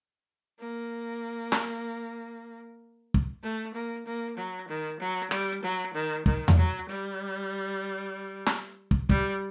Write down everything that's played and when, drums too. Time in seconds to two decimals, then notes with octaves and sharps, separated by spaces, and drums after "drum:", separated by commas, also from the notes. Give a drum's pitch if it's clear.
0.60 A#3
1.52 drum: snare
3.14 drum: kick
3.43 A3
3.74 A#3
4.06 A#3
4.37 F#3
4.68 D#3
5.00 F#3
5.31 G3, drum: rim click
5.63 F#3
5.94 D#3
6.26 D#3, drum: kick
6.48 drum: tom E2
6.57 F#3
6.89 G3
8.46 drum: snare
8.91 drum: kick
9.09 G3, drum: kick